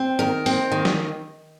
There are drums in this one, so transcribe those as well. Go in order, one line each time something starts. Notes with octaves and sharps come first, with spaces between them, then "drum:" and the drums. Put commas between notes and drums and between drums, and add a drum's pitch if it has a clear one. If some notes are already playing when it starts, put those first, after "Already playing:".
Already playing: C4
D#3 A#4
C4, drum: open hi-hat
D#3
drum: snare